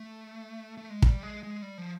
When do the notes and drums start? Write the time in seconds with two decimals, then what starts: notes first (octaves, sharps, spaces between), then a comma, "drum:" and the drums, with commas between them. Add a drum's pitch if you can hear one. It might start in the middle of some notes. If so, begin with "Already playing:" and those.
Already playing: A3
0.77 A3
0.90 G#3
1.02 G3, drum: kick
1.23 G#3
1.43 G#3
1.62 G3
1.78 F3